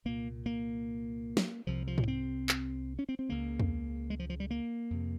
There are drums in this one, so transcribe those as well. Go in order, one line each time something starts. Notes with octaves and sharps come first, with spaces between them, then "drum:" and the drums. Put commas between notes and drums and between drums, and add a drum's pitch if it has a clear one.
C2 A#2 A#3
A#3
drum: snare
C2 C3 F3
F3
drum: tom G#2
C4
drum: clap
C#4
C4
C4
C#2 C#3 A#3
drum: tom E2
G#3
F3
F3
G3
A#3
F2 C3